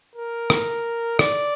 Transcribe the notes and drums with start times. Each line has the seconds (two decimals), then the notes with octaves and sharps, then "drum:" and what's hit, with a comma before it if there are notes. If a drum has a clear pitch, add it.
0.15 A#4
0.50 drum: rim click
1.19 D5, drum: rim click